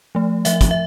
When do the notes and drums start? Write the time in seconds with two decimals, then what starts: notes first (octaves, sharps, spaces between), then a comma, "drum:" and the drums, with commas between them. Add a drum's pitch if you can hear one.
0.15 F3 A3
0.45 F3 E5, drum: hi-hat
0.61 drum: kick, hi-hat
0.71 E5